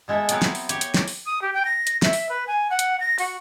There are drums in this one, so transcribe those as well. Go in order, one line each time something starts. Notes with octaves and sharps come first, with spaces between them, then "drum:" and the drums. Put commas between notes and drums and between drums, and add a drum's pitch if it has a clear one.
B2 G#3 E4 A4 E5
F#3 B3 C4 A#4 B4 C#5, drum: hi-hat
drum: snare
drum: open hi-hat
G4 C#5, drum: hi-hat
drum: hi-hat
drum: snare
drum: open hi-hat
D#6
G4
G5
A#6
drum: hi-hat
E5, drum: snare
drum: open hi-hat
B4
G#5
F#5
drum: hi-hat
A#6
F#4, drum: open hi-hat